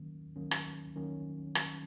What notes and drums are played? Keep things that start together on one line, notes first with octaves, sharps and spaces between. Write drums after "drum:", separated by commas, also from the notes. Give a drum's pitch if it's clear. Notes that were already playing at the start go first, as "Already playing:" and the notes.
Already playing: D#3 F#3 A#3 C#4
D#3 F#3 A#3 C#4
drum: rim click
D#3 F#3 A#3 C#4
drum: rim click